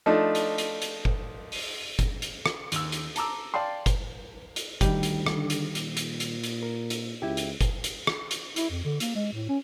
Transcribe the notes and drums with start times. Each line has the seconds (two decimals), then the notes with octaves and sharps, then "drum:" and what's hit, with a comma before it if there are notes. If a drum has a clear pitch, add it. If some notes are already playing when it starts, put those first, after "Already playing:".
0.06 F3 A3 D4 D#4
0.35 drum: hi-hat
0.58 drum: hi-hat
0.82 drum: hi-hat
1.05 drum: kick F#1
1.52 drum: open hi-hat
1.99 drum: kick F#1, hi-hat
2.22 drum: hi-hat
2.46 drum: rim click
2.72 D#2 E6, drum: hi-hat
2.92 drum: hi-hat
3.16 A5 A#5 D6 E6, drum: hi-hat
3.54 D5 F5 G5 A5 C6
3.86 drum: kick F#1, hi-hat
4.56 drum: hi-hat
4.81 D2 D#3 G3 G4, drum: kick F#1, hi-hat
5.03 drum: hi-hat
5.26 drum: rim click
5.36 D3
5.50 drum: hi-hat
5.75 A#2, drum: hi-hat
5.97 drum: hi-hat
6.20 drum: hi-hat
6.44 drum: hi-hat
6.63 A#4
6.90 drum: hi-hat
7.22 C#2 E4 G4
7.37 drum: hi-hat
7.61 drum: kick F#1, hi-hat
7.84 drum: hi-hat
8.07 drum: rim click
8.31 drum: hi-hat
8.56 E4, drum: hi-hat
8.70 F2
8.85 D3
9.00 A#3, drum: hi-hat
9.15 G#3
9.32 A2
9.49 C#4